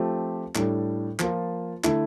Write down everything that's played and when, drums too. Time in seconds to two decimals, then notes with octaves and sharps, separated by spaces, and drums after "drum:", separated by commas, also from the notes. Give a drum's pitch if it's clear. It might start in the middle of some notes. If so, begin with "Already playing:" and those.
Already playing: F3 A3 C4 G4
0.55 A2 G3 D4 A4, drum: clap
1.19 F3 A#3 F4, drum: clap
1.84 D3 A3 E4, drum: clap